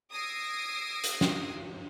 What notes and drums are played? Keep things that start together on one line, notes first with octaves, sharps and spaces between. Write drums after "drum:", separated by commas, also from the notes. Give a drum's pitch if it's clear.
D#6 E6 G#6 A#6 C7 D7
drum: hi-hat
drum: snare